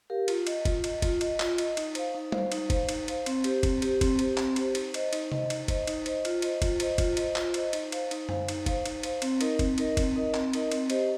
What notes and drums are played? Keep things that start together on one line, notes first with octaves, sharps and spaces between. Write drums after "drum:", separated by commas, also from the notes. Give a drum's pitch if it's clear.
G4 A#4 F5
F4, drum: cymbal
D#5, drum: cymbal
F4, drum: kick F#1, cymbal
D#5, drum: cymbal
F4, drum: kick F#1, cymbal
D#5, drum: cymbal
F4, drum: clap
D#5, drum: cymbal
D#4, drum: cymbal
C5 F5, drum: cymbal
D#4
C5 F5, drum: tom G3
D#4, drum: cymbal
C5 F5, drum: kick F#1, cymbal
D#4, drum: cymbal
C5 F5, drum: cymbal
C4, drum: cymbal
G4 C5, drum: cymbal
C4, drum: kick F#1, cymbal
G4 C5, drum: cymbal
C4, drum: kick F#1, cymbal
G4 C5, drum: cymbal
C4, drum: clap
G4 C5, drum: cymbal
D#4, drum: cymbal
C5 D#5, drum: cymbal
D#4, drum: cymbal
C5 D#5, drum: tom C3
D#4, drum: cymbal
C5 D#5, drum: kick F#1, cymbal
D#4, drum: cymbal
C5 D#5, drum: cymbal
F4, drum: cymbal
C5 D#5, drum: cymbal
F4, drum: kick F#1, cymbal
C5 D#5, drum: cymbal
F4, drum: kick F#1, cymbal
C5 D#5, drum: cymbal
F4, drum: clap
C5 D#5, drum: cymbal
D#4, drum: cymbal
C5 F5, drum: cymbal
D#4, drum: cymbal
C5 F5, drum: tom F#2
D#4, drum: cymbal
C5 F5, drum: kick F#1, cymbal
D#4, drum: cymbal
C5 F5, drum: cymbal
C4, drum: cymbal
D#4 A#4 D#5, drum: cymbal
C4, drum: kick F#1, cymbal
D#4 A#4 D#5, drum: cymbal
C4, drum: kick F#1, cymbal
D#4 A#4 D#5
C4, drum: clap
D#4 A#4 D#5, drum: cymbal
C4, drum: cymbal
G4 C5 D#5, drum: cymbal